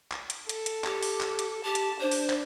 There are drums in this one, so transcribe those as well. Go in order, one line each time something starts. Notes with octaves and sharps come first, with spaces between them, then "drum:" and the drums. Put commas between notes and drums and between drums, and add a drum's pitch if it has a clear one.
drum: clap
drum: hi-hat
A4, drum: hi-hat
drum: hi-hat
G4, drum: clap
drum: open hi-hat
drum: clap
drum: hi-hat
G4 A5
drum: hi-hat
D4 C5
drum: open hi-hat
drum: clap